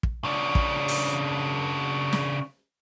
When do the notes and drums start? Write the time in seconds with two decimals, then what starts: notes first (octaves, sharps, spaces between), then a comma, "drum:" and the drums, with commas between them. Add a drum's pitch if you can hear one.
0.03 drum: kick
0.24 C#3 D4
0.55 drum: kick
0.88 drum: open hi-hat
2.13 drum: snare